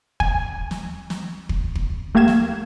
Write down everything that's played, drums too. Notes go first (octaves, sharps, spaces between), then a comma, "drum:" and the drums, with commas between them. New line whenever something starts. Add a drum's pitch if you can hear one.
G#5, drum: kick
drum: snare
drum: snare
drum: kick
drum: kick
A3 A#3 G4 F5 G#6 E7
drum: snare